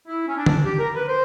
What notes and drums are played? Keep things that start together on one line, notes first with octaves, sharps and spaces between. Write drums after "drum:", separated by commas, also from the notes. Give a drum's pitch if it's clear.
E4
C#4
D4
drum: tom D3
G4
A#4
B4
C5